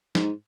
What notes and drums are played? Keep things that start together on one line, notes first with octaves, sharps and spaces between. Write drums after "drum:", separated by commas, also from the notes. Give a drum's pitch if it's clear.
G#2, drum: snare